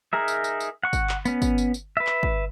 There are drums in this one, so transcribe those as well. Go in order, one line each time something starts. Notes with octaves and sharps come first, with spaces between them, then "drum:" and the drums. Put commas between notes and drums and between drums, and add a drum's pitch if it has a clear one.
D#4 G#4 A#4 E5
drum: tambourine
drum: tambourine
drum: tambourine
F#5 C#6
drum: kick, tambourine
drum: clap
B3 C#4, drum: tambourine
drum: kick, tambourine
drum: tambourine
drum: tambourine
B4 E5
drum: clap
drum: kick